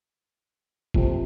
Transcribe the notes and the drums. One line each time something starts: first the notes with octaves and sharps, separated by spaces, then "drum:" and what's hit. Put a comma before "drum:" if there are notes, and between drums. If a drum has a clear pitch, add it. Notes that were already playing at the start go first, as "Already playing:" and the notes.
F2 C3 F3, drum: kick